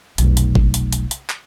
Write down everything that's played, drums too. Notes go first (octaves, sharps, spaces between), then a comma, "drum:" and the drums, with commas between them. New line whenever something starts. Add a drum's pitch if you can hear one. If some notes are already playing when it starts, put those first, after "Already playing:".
F1 B1, drum: hi-hat
drum: hi-hat
drum: kick G#1
drum: hi-hat
drum: hi-hat
drum: hi-hat
drum: clap